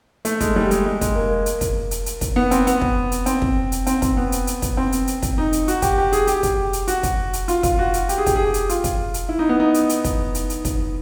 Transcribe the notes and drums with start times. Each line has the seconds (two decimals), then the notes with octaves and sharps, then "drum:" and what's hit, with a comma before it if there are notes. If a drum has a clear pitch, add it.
0.25 A3, drum: hi-hat
0.41 G#3, drum: kick, hi-hat
0.56 G3
0.71 G#3, drum: hi-hat
0.86 G#3
1.01 G#3, drum: kick, hi-hat
1.16 A#3
1.46 drum: hi-hat
1.61 drum: kick, hi-hat
1.91 drum: hi-hat
2.06 drum: hi-hat
2.21 drum: kick, hi-hat
2.36 B3
2.51 C4, drum: hi-hat
2.67 B3, drum: hi-hat
2.81 drum: kick
3.12 drum: hi-hat
3.26 C4, drum: hi-hat
3.42 drum: kick
3.72 drum: hi-hat
3.87 C4, drum: hi-hat
4.02 C4, drum: kick, hi-hat
4.17 B3
4.32 drum: hi-hat
4.47 drum: hi-hat
4.62 drum: kick, hi-hat
4.77 C4
4.92 drum: hi-hat
5.07 drum: hi-hat
5.22 drum: kick, hi-hat
5.38 D#4
5.53 drum: hi-hat
5.68 F#4, drum: hi-hat
5.82 G4, drum: kick, hi-hat
5.98 G4
6.13 G#4, drum: hi-hat
6.27 G4, drum: hi-hat
6.43 drum: kick, hi-hat
6.73 drum: hi-hat
6.88 F#4, drum: hi-hat
7.03 drum: kick, hi-hat
7.33 drum: hi-hat
7.48 F4, drum: hi-hat
7.63 F4, drum: kick, hi-hat
7.79 F#4
7.94 drum: hi-hat
8.09 G4, drum: hi-hat
8.18 G#4
8.26 G4, drum: kick, hi-hat
8.36 G#4
8.45 G4
8.54 drum: hi-hat
8.69 F4, drum: hi-hat
8.84 drum: kick, hi-hat
9.14 drum: hi-hat
9.29 E4
9.39 D#4
9.49 B3
9.60 D#4
9.74 drum: hi-hat
9.89 drum: hi-hat
10.04 drum: kick, hi-hat
10.35 drum: hi-hat
10.50 drum: hi-hat
10.65 drum: kick, hi-hat